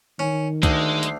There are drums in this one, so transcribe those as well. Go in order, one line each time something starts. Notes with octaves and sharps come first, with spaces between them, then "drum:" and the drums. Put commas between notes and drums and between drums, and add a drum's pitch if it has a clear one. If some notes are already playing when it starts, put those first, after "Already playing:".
D#3 C#4
D2 G#3, drum: kick, hi-hat
drum: hi-hat